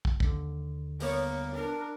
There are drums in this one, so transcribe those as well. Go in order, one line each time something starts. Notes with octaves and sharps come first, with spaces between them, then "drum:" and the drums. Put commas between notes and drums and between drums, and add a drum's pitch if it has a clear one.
drum: kick
D#2 D3, drum: kick
G3 A#3 B3 C#5, drum: open hi-hat
D4 A#4